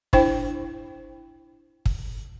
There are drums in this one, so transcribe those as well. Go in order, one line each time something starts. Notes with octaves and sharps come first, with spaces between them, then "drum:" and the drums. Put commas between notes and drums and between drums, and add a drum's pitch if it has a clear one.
D4 E4 C5 G5, drum: kick
drum: kick